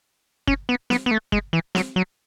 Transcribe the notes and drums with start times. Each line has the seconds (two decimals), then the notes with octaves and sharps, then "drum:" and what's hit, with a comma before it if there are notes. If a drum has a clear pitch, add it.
0.47 C#4, drum: kick
0.69 B3
0.90 B3, drum: snare
1.06 B3
1.11 A3
1.32 G#3, drum: kick
1.53 E3
1.75 F#3, drum: snare
1.96 F#3